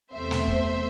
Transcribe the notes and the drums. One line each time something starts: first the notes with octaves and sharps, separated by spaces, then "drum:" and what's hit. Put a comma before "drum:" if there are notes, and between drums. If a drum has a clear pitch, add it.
E2 C3 A3 C4 C5 E5
drum: snare
drum: kick